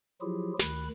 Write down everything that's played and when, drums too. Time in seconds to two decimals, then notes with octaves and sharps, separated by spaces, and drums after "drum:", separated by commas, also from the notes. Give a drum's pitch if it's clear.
0.21 F3 F#3 E4 F4 G4 G#4
0.59 D2 D#3 B5 F#6, drum: snare